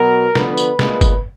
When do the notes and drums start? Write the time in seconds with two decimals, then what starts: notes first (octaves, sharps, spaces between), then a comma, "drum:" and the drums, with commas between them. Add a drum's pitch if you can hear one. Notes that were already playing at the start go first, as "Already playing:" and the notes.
Already playing: B2 F#3 B3 A#4
0.35 D3 F3 B3 B4, drum: snare
0.57 drum: tambourine
0.79 A#2 G#3 B3, drum: snare
1.01 drum: kick G1, tambourine